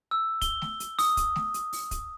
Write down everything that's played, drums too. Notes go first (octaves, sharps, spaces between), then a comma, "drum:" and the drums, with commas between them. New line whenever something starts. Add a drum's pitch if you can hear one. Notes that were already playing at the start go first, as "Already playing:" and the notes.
E6
G7, drum: kick, hi-hat
drum: snare A3
drum: hi-hat
D#6, drum: open hi-hat
drum: kick, hi-hat
drum: snare A3
drum: hi-hat
drum: open hi-hat
drum: kick, hi-hat